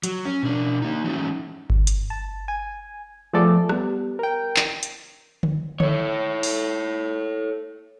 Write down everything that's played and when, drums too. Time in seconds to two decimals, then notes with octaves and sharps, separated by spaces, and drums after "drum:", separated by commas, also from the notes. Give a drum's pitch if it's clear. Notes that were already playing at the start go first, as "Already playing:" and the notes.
0.03 F#3, drum: hi-hat
0.25 C#4
0.43 B2 D4
0.82 A#3 D#4
1.04 E3 F#3 G#3 A3 C#4 D#4
1.70 drum: kick G1
1.87 drum: hi-hat
2.10 A5
2.48 G#5
3.33 F3 A3 B3 G#4 A4 D5
3.69 G3 B3, drum: rim click
4.19 A#4 G5
4.56 drum: clap
4.83 drum: hi-hat
5.43 drum: tom D3
5.80 A4 C#5, drum: tom D3
6.43 drum: open hi-hat